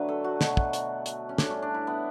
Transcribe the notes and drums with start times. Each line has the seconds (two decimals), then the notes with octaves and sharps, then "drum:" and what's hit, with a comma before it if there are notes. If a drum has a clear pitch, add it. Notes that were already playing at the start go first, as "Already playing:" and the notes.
Already playing: D3 F#3 A3 B4
0.09 A4
0.24 F#4
0.41 B2 A3, drum: snare
0.57 drum: kick
0.73 drum: hi-hat
1.06 drum: hi-hat
1.29 C#4
1.38 A2 E3 G3 D4, drum: snare
1.50 C#4
1.62 D4
1.74 E4
1.87 B3